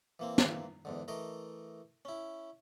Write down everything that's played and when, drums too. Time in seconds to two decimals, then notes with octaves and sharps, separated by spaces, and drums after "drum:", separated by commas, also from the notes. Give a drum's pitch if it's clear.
0.19 E3 A#3 C4
0.38 drum: snare
0.85 E2 G#2 D3
1.08 E3 A3 A#4 D#5
2.05 C#4 E4